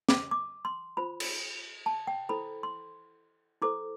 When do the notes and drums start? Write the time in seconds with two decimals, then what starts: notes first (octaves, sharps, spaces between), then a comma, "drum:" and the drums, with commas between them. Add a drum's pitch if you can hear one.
0.09 D6, drum: snare
0.31 D6
0.65 C6
0.97 F4 C5 B5
1.20 drum: cymbal
1.86 A5
2.07 G5
2.29 E4 A4 C5 B5
2.63 C6
3.62 E4 A4 C5 D6